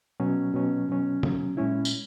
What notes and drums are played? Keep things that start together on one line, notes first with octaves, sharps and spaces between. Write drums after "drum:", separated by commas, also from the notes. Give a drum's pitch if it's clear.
B2 F#3 C#4
B2 F#3 C#4
B2 F#3 C#4
B2 F#3 C#4, drum: tom
A#2 G#3 C#4 E4
drum: tambourine